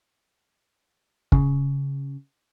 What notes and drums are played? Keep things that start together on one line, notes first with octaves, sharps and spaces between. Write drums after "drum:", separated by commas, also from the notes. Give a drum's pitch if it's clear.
C#3, drum: kick